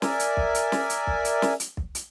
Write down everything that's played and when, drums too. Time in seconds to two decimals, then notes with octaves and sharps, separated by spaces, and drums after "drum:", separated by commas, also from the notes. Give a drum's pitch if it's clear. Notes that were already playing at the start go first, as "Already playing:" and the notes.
0.02 A#4 D5 E5 G#5, drum: snare
0.19 drum: hi-hat
0.37 drum: kick
0.55 drum: hi-hat
0.72 drum: snare
0.90 drum: hi-hat
1.07 drum: kick
1.25 drum: hi-hat
1.42 drum: snare
1.60 drum: hi-hat
1.77 drum: kick
1.95 drum: hi-hat